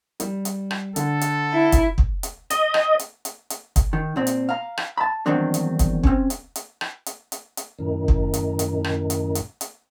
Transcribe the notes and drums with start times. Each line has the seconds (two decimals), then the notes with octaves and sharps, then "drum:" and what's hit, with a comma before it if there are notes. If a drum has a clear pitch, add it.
0.20 G3, drum: hi-hat
0.45 drum: hi-hat
0.71 drum: rim click
0.96 D3 A4, drum: hi-hat
1.21 drum: hi-hat
1.53 E4
1.72 drum: kick, hi-hat
1.98 drum: kick
2.23 drum: hi-hat
2.50 D#5, drum: hi-hat
2.74 drum: rim click
2.99 drum: hi-hat
3.25 drum: hi-hat
3.50 drum: hi-hat
3.76 drum: kick, hi-hat
3.93 D#3
4.16 A#2 C4
4.27 drum: hi-hat
4.49 F5 A#5
4.77 drum: rim click
4.98 A5 B5
5.26 E2 G2 D#3 F#3 C4 D4
5.54 drum: hi-hat
5.79 drum: kick, hi-hat
6.03 C4 C#4, drum: kick
6.30 drum: hi-hat
6.56 drum: hi-hat
6.81 drum: rim click
7.06 drum: hi-hat
7.32 drum: hi-hat
7.57 drum: hi-hat
7.79 F#2 A2 D#3
8.08 drum: kick
8.34 drum: hi-hat
8.59 drum: hi-hat
8.84 drum: rim click
9.10 drum: hi-hat
9.35 drum: hi-hat
9.61 drum: hi-hat